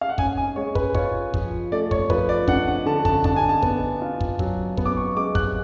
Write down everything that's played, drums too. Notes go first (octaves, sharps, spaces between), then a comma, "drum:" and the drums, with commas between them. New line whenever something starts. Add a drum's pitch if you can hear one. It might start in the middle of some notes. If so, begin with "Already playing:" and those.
F5
F#5
C#4 G#5, drum: kick
G#5
G#3 C#5
B4, drum: kick
F4 C#5, drum: kick
F3, drum: kick
A3 D5
C#5, drum: kick
F3 B4, drum: kick
D5
D4 F#5, drum: kick
F#5
D3 A5
A5, drum: kick
D4 A5, drum: kick
G#5
A5
B3, drum: kick
F4
drum: kick
F#3, drum: kick
B3, drum: kick
D6
C#6
G#3 D6
F#6, drum: kick